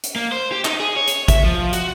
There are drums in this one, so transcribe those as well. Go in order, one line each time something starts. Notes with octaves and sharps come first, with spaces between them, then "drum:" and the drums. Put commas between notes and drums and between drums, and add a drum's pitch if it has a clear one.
drum: hi-hat
A#3
C5
G4
D#4, drum: clap
G#4
C#5
drum: hi-hat
E5, drum: kick, hi-hat
F3
F#4, drum: hi-hat